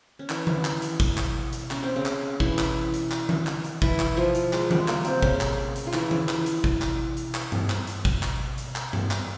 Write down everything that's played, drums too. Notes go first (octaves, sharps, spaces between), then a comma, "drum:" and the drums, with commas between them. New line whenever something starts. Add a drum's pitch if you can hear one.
C#4
E3 E4, drum: clap
drum: tom D#3
drum: clap
drum: hi-hat
drum: kick
drum: clap
drum: hi-hat
C#4, drum: clap
C4
C#3 C#4
drum: clap
E3 E4, drum: kick
drum: clap
drum: hi-hat
drum: clap
drum: tom D#3
drum: clap
drum: hi-hat
E3 E4, drum: kick
drum: clap
F3 F4
drum: hi-hat
G#3, drum: clap
G3, drum: tom D#3
A#3, drum: clap
C3 C4, drum: hi-hat
C#3 C#4, drum: kick
drum: clap
drum: hi-hat
F4
E3 E4, drum: clap
drum: tom D#3
drum: clap
drum: hi-hat
drum: kick
drum: clap
drum: hi-hat
drum: clap
drum: tom G2
drum: clap
drum: hi-hat
drum: kick
drum: clap
drum: hi-hat
drum: clap
drum: tom G2
drum: clap